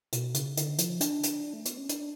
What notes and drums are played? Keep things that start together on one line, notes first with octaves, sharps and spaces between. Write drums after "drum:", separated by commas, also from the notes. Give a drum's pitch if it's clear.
B2, drum: hi-hat
C#3, drum: hi-hat
D3, drum: hi-hat
F3, drum: hi-hat
D4, drum: hi-hat
drum: hi-hat
A3
B3, drum: hi-hat
C#4
D4, drum: hi-hat